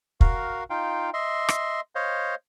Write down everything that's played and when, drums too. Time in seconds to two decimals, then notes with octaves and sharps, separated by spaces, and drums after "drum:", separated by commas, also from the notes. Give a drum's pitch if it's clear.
0.21 F#4 A#4 F5, drum: kick
0.70 D#4 F4 F5 G5
1.14 D#5 E5 C6
1.49 drum: rim click
1.95 C5 C#5 D#5 F5